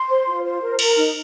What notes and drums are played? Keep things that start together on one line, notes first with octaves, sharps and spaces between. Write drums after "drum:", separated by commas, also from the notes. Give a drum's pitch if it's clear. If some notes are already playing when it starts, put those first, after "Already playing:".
Already playing: C6
C5
F4
C5
A#4
A#4, drum: cymbal
D#4